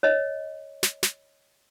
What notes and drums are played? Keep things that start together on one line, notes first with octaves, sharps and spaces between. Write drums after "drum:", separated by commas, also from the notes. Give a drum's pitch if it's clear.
C#5 D#5
drum: snare
drum: snare